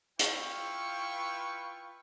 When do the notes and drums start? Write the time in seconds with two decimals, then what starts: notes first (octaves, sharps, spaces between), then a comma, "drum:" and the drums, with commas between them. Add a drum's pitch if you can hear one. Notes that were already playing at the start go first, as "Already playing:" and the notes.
0.19 E4 F4 B4 F5 G5 C#6, drum: hi-hat